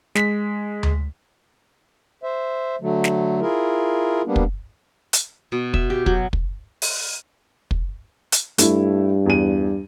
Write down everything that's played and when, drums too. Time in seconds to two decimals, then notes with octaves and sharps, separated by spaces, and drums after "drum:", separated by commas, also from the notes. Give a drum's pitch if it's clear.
0.15 G#3 B6, drum: snare
0.83 drum: tom D2
2.23 C5 E5
2.81 D3 F#3 A3
3.04 drum: snare
3.41 E4 F4 G#4 A#4
4.26 G3 A#3 B3 D4
4.36 drum: kick
5.13 drum: hi-hat
5.52 B2
5.74 E5, drum: kick
5.90 G4
6.06 F#3, drum: kick
6.33 drum: kick
6.82 drum: open hi-hat
7.71 drum: kick
8.32 drum: hi-hat
8.58 G2 A3 E4, drum: hi-hat
9.26 E2 D#7